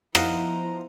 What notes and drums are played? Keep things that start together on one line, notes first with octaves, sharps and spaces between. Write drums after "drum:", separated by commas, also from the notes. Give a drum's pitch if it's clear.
F3 B3 E4 C5 D#5 F5 F#5 A#5, drum: rim click